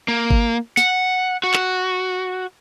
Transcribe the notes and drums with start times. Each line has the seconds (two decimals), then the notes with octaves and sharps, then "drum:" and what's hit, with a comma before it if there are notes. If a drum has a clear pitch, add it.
0.08 A#3
0.31 drum: kick G#1
0.77 F#5, drum: snare
1.44 F#4
1.54 drum: clap